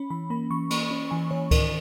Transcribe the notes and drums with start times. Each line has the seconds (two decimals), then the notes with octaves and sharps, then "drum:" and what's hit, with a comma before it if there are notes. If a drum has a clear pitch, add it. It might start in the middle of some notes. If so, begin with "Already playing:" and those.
Already playing: C#4 B5
0.10 E3 B5
0.30 A#3 B5
0.50 E3 C#6
0.70 A#3 B5, drum: cymbal
0.91 C#4
1.11 E3 G#5
1.31 E3 C#5
1.51 D#3 A#4, drum: kick C#2, cymbal